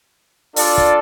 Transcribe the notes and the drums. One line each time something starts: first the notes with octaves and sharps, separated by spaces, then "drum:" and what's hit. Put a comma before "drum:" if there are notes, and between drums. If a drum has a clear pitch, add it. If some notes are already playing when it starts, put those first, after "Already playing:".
D4 F4 A4 D5, drum: open hi-hat
drum: kick